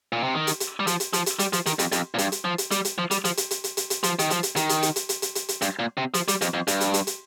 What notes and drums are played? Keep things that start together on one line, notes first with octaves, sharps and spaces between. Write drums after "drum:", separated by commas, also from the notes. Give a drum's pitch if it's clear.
A#2
C3
D#3
drum: hi-hat
drum: hi-hat
G3
F3, drum: hi-hat
drum: hi-hat
F3, drum: hi-hat
drum: hi-hat
G3, drum: hi-hat
F3, drum: hi-hat
D#3, drum: hi-hat
F2, drum: hi-hat
F2, drum: hi-hat
A#2
G2, drum: hi-hat
drum: hi-hat
F3
drum: hi-hat
G3, drum: hi-hat
drum: hi-hat
F3
G3, drum: hi-hat
F3, drum: hi-hat
drum: hi-hat
drum: hi-hat
drum: hi-hat
drum: hi-hat
drum: hi-hat
F3, drum: hi-hat
D#3, drum: hi-hat
F3, drum: hi-hat
drum: hi-hat
D#3, drum: hi-hat
drum: hi-hat
drum: hi-hat
drum: hi-hat
drum: hi-hat
drum: hi-hat
drum: hi-hat
drum: hi-hat
G2, drum: hi-hat
A#2
C3
F3, drum: hi-hat
G3, drum: hi-hat
F2, drum: hi-hat
F2
G2, drum: hi-hat
drum: hi-hat
drum: hi-hat
drum: hi-hat